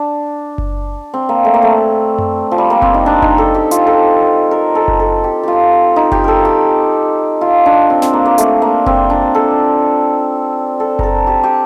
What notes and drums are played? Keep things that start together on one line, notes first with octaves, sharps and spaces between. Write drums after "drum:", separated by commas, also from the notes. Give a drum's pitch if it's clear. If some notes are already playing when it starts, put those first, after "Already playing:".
Already playing: D4
drum: kick F#1
C4
A#3
A3
A#3
A3
drum: tom F#2
F3
G3
A#3
C4, drum: kick F#1
D#4
D4
D#4, drum: kick F#1
A4
G4
F4, drum: hi-hat
A4
A#4
A4
drum: kick F#1
A4
G4
F4 G4
D#4
G4, drum: kick F#1
A4 A#4
G4
F4
D4
C4
C4, drum: snare
A#3
A#3
A3, drum: hi-hat
A#3
C4, drum: kick F#1
D4
A4
A4
A4 A#4, drum: kick F#1
G4
G4